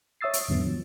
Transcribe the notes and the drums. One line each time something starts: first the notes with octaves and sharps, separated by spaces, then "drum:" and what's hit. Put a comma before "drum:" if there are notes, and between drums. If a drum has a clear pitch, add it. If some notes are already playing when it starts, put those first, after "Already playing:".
C#5 E5 D#6 E6 A6 C7
drum: hi-hat
E2 G#2 D3 F#3 B3
F3